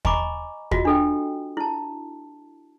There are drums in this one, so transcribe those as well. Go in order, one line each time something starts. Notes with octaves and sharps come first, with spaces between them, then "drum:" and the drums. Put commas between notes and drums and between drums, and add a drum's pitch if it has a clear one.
D#5 G#5 A#5 B5 C#6 D6, drum: kick
F4 F#4 D#5, drum: kick
D4 A4 G5
E4 A5